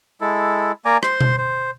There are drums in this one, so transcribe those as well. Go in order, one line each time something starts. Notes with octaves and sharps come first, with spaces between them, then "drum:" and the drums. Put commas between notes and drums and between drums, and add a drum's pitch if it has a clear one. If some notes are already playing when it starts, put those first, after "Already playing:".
G#3 E4 A4
A#3 D5 G#5 A#5
C5 C6, drum: rim click
drum: tom B2
C5